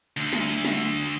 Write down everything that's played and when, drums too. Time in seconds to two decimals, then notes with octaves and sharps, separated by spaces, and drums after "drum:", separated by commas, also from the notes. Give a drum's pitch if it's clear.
0.17 D2, drum: hi-hat
0.33 drum: snare
0.49 drum: open hi-hat
0.65 drum: snare
0.80 drum: hi-hat